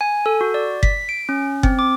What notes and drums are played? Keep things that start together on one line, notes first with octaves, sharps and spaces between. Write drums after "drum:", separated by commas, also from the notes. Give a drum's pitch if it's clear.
G#5
A4
F#4
D5
B6, drum: kick F#1
D7
C#4
C4, drum: kick F#1
D6